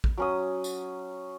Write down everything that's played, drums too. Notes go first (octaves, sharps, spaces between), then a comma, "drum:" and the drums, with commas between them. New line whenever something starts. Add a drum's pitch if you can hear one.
drum: kick
F#3 C#4 D#6
drum: tambourine